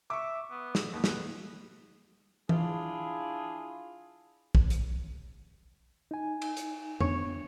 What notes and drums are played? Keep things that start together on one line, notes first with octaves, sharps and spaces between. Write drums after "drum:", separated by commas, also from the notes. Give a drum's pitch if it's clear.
E5 C#6 D6
B3
drum: snare
D#2 B3
drum: snare
D4 E4 F4 G#4, drum: tom E3
drum: kick
drum: hi-hat
D#4 G#5
drum: cymbal
drum: hi-hat
B3 D4 C#5, drum: tom F2